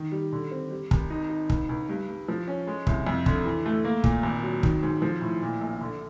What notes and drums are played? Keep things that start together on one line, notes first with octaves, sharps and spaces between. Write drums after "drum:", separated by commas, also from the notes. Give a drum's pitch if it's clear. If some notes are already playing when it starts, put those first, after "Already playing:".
Already playing: D#3
G3
D3
C4
G3
G#1, drum: kick
D#4
D#4
C#2, drum: kick
C#2
G2
G2
F3
C#4
G#3
C2, drum: kick
F2
D3, drum: kick
E3
A3
A#3
A#2, drum: kick
G#1
F#3
D#3, drum: kick
G#2
F3
A2
A#2
A#1
D3